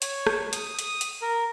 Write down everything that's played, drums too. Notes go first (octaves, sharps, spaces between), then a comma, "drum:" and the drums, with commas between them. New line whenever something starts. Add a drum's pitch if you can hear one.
C#5, drum: hi-hat
drum: rim click
D#6, drum: hi-hat
D#6, drum: hi-hat
drum: hi-hat
A#4